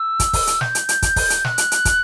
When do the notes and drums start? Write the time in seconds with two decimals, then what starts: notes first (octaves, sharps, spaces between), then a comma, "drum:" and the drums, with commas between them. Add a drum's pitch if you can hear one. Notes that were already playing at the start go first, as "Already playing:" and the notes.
Already playing: E6
0.20 drum: kick, hi-hat
0.33 drum: kick, open hi-hat
0.47 drum: hi-hat
0.61 G6, drum: snare
0.75 drum: hi-hat
0.89 drum: hi-hat
1.02 drum: kick, hi-hat
1.16 drum: kick, open hi-hat
1.30 drum: hi-hat
1.44 F#6, drum: snare
1.58 drum: hi-hat
1.72 drum: hi-hat
1.85 drum: kick, hi-hat